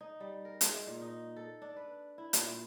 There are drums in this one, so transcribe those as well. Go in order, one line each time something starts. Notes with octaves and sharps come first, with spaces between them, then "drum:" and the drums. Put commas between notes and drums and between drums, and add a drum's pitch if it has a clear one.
D#4
G3
A#4
G#3, drum: hi-hat
A#2
D#4
A4
D4
B4
E4
A#2, drum: hi-hat